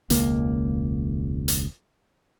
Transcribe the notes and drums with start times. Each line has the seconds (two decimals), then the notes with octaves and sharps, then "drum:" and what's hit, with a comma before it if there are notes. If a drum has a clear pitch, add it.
0.10 E1 C#2 A#3, drum: hi-hat
1.48 drum: hi-hat